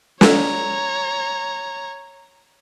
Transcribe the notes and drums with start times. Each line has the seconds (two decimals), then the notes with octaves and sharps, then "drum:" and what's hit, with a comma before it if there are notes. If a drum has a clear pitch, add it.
0.21 C#5 A#5, drum: snare